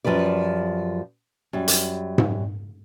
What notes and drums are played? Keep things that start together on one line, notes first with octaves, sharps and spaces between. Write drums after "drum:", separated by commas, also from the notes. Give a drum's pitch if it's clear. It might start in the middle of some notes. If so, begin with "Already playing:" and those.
F#2 F3 G3 B4 D5
F#2 G3
drum: hi-hat
drum: tom G#2